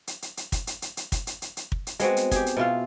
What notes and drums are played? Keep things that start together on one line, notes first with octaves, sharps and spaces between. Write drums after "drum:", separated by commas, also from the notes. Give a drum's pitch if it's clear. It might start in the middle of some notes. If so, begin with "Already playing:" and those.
drum: hi-hat
drum: hi-hat
drum: hi-hat
drum: kick, hi-hat
drum: hi-hat
drum: hi-hat
drum: hi-hat
drum: kick, hi-hat
drum: hi-hat
drum: hi-hat
drum: hi-hat
drum: kick
drum: hi-hat
G#3 B3 C4 F#4, drum: hi-hat
drum: hi-hat
G4 G#4, drum: kick, hi-hat
drum: hi-hat
B2 E4 F4 F5